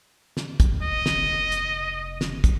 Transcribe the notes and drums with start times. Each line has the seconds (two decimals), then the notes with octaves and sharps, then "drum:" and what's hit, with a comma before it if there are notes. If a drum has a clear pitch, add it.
0.37 drum: snare
0.60 drum: kick, hi-hat
0.83 D#5
1.06 drum: snare
1.16 F1
1.52 drum: hi-hat
2.21 drum: snare
2.44 drum: kick, hi-hat